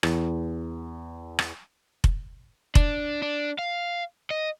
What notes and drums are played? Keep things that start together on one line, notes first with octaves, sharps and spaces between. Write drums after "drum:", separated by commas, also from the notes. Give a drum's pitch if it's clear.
E2, drum: rim click
drum: rim click
drum: kick F1
D4, drum: kick F1
D4
F5
D#5